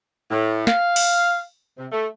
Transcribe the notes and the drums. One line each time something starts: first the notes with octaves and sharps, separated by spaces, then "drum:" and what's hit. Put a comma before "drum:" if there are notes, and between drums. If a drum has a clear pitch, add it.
A2
F5, drum: snare
drum: open hi-hat
C3
A3